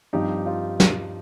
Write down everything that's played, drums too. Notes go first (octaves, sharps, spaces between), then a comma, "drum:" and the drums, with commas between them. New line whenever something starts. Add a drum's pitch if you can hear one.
G2 F3 C4 D#4 G4
F4
drum: snare